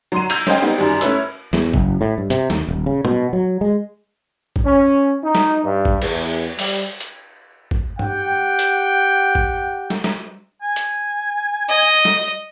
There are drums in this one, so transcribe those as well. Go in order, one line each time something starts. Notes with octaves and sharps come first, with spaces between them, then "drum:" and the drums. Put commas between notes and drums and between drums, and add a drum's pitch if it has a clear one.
F#3 C6 D#7
E6 G6 G#6 D#7 F7, drum: cymbal
C#4 C5 D#5 G5, drum: snare
G3 B3 C4 D#4
F#2 D#3 G3
A3 C#4 E4 B4 C#5 E6, drum: hi-hat
E2, drum: snare
F#1, drum: kick
A2
G2
C3, drum: hi-hat
D#2, drum: snare
D#1
C#3
B2, drum: tom A#2
F#3
G#3
drum: kick
C#4
D#4
drum: snare
G2
drum: kick
E2, drum: cymbal
G3, drum: open hi-hat
drum: hi-hat
drum: kick
G4 F#5 G5, drum: tom
drum: hi-hat
drum: kick
drum: snare
drum: snare
G#5
drum: hi-hat
D#5
drum: snare